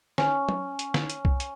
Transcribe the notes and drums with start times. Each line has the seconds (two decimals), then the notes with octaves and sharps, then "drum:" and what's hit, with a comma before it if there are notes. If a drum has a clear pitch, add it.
0.18 C#4, drum: snare
0.49 drum: tom
0.79 drum: hi-hat
0.94 drum: snare
1.10 drum: hi-hat
1.25 drum: kick C2
1.40 drum: hi-hat